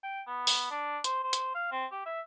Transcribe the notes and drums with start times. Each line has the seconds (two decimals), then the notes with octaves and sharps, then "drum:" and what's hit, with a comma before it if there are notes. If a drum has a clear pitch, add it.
0.03 G5
0.27 B3
0.47 drum: open hi-hat
0.71 D4
1.04 C5, drum: hi-hat
1.24 C5
1.33 drum: hi-hat
1.54 F5
1.71 C4
1.92 G4
2.06 E5